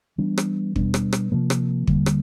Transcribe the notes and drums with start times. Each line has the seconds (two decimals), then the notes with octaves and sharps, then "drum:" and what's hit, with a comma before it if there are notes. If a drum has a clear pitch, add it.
0.18 E3 G3 B3 D4
0.38 drum: rim click
0.76 B2 G3 B3 D4, drum: kick
0.94 drum: rim click
1.13 drum: rim click
1.32 C3 F3 A#3
1.50 drum: rim click
1.87 D3 G3 A#3, drum: kick
2.06 drum: rim click